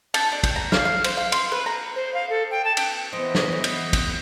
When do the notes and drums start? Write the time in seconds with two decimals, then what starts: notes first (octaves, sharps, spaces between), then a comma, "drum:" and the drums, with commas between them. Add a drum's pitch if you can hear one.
0.14 A5, drum: cymbal
0.32 D4
0.43 G5, drum: kick, cymbal
0.56 A#5
0.72 F5, drum: snare
0.85 F5
1.04 C5, drum: cymbal
1.17 F5
1.32 C6, drum: cymbal
1.52 B4
1.66 A#5
1.96 C5
2.14 F5
2.30 A4
2.51 G5
2.65 A5
2.77 G5, drum: cymbal
3.13 E3 B3 C5 D#5
3.35 drum: snare
3.52 C#5
3.64 drum: cymbal
3.93 drum: kick, cymbal